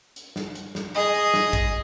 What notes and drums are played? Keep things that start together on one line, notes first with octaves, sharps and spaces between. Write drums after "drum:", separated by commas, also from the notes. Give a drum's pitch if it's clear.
drum: hi-hat
drum: snare
drum: hi-hat
drum: snare
G#4 D#5, drum: hi-hat
drum: hi-hat
drum: snare
drum: kick, hi-hat